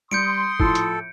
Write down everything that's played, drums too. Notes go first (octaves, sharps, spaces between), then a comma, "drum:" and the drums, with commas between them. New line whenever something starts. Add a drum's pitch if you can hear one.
G3 C6 D#6 G6 C#7 D7
A2 F3 A4, drum: kick
drum: hi-hat